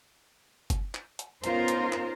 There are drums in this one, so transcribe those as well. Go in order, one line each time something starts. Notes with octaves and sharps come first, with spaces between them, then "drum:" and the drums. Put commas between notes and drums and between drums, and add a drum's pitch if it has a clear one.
drum: kick F#1, hi-hat
drum: clap
drum: hi-hat
B3 C#4 D#4 F4 A#4 C5, drum: hi-hat
drum: hi-hat
drum: clap